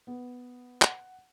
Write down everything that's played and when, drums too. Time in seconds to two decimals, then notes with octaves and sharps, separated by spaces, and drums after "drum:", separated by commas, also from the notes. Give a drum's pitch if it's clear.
0.07 B3
0.82 F#5, drum: clap